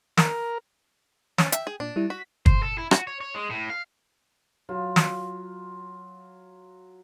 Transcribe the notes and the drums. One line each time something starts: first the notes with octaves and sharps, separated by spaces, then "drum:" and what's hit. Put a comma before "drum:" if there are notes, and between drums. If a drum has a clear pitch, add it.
A#4, drum: snare
C#4 G#5 C#6 A6, drum: snare
E5 G5, drum: hi-hat
G#4
A#2 D4
G3 E4
F#4 B6
C5, drum: kick
A4
E4
F#4, drum: rim click
C#5
C#5
G#3
A2
F5
F#3 F4
drum: snare